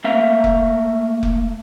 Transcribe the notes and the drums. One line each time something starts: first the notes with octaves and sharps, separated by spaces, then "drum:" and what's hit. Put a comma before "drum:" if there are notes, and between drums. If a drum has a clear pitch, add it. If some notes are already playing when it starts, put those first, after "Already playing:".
A3 A#3 E5 F5
drum: kick F1
drum: kick F1